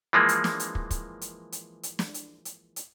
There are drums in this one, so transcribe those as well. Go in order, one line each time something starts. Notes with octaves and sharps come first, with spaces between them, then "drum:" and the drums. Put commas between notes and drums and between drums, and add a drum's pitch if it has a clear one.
E3 F3 G#3 A#3
drum: hi-hat
drum: snare
drum: hi-hat
drum: kick
drum: kick, hi-hat
drum: hi-hat
drum: hi-hat
drum: hi-hat
drum: snare
drum: hi-hat
drum: hi-hat
drum: hi-hat